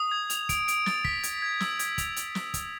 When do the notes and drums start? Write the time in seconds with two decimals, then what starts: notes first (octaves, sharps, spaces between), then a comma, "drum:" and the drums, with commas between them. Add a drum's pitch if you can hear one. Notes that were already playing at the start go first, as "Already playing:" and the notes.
Already playing: D#6
0.11 G#6
0.30 F7, drum: hi-hat
0.49 D7, drum: kick, hi-hat
0.68 D7, drum: hi-hat
0.86 A6, drum: snare
1.05 B6, drum: kick
1.23 G#6, drum: hi-hat
1.42 G#6
1.60 E6, drum: snare
1.79 G#6, drum: hi-hat
1.98 F7, drum: kick, hi-hat
2.16 drum: hi-hat
2.35 drum: snare
2.54 drum: kick, hi-hat